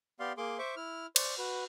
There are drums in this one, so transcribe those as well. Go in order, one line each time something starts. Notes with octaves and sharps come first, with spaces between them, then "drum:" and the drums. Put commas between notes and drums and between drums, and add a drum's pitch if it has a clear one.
B3 G4 D5 F5 C6
A#3 G#4 C6 D6
C5 E5 C#6 D6
E4 F6
C5 D5 C#6, drum: cymbal
F#4 B4